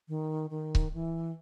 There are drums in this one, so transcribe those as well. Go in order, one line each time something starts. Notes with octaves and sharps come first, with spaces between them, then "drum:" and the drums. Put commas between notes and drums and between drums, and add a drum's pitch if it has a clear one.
D#3
D#3
drum: kick C#1
E3